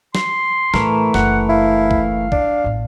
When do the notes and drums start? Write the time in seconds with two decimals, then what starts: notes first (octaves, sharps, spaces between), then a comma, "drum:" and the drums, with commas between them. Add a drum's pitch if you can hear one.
0.15 C6, drum: snare
0.74 A2 E3 A3 A#4, drum: snare
1.14 F#1 C#4 F#5, drum: snare
1.49 E4 F5
1.91 drum: kick
2.32 D4, drum: kick
2.64 A1 B3